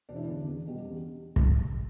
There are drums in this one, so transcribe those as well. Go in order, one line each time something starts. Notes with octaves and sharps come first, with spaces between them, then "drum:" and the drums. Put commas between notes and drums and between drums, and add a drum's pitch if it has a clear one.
E1 D4
E4
E2 D3 D4
E2
B2 G3
E2
drum: kick